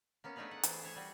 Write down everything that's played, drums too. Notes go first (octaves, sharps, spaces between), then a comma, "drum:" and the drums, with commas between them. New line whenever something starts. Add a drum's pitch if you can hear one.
A#3 B3 C#4
A3 D4 D#4 G#4 B4 F5
F#5
E3 C5, drum: hi-hat
G#4 C#5 E5
G3 F#4